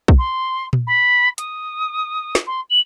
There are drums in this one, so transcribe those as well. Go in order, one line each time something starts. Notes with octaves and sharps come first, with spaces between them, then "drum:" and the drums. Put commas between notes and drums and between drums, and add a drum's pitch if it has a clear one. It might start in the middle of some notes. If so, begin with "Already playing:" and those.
drum: kick
C6
drum: tom A#2
B5
D#6, drum: hi-hat
drum: snare
C6
F#7